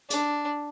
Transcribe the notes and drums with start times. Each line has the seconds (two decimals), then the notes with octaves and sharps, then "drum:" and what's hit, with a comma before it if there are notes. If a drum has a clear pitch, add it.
0.10 D4, drum: hi-hat